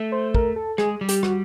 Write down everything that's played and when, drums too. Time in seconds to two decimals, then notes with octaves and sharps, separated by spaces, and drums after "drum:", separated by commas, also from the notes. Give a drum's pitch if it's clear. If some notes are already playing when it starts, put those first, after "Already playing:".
Already playing: A3
0.12 C5
0.35 A#4, drum: kick
0.56 A4
0.78 G#3 G#4, drum: rim click
1.01 G3
1.09 G4, drum: hi-hat
1.23 F#4, drum: rim click